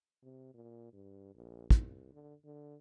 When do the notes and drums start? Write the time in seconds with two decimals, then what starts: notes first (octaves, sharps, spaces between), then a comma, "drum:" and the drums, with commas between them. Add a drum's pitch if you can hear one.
0.23 C3
0.54 A#2
0.93 G2
1.34 A#1
1.71 C2, drum: kick
2.13 D3
2.44 D3